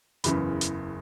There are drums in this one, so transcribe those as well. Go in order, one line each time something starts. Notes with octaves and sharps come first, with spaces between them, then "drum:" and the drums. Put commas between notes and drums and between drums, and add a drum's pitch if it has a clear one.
F#1 E2 C#3 E3 B5, drum: hi-hat
drum: hi-hat